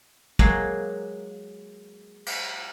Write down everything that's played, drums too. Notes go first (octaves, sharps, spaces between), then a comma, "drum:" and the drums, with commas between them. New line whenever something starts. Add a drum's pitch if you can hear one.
F#3 G#3 A#3, drum: kick
drum: cymbal